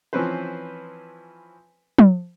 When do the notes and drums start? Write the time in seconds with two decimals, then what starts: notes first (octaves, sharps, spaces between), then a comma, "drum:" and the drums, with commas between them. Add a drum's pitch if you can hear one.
0.13 E3 F3 C4 C#4 B4 C5
1.99 drum: tom